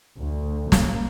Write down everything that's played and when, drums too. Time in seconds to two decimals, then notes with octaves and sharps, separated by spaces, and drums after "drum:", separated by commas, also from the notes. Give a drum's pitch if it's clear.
0.17 D2
0.72 A#3, drum: snare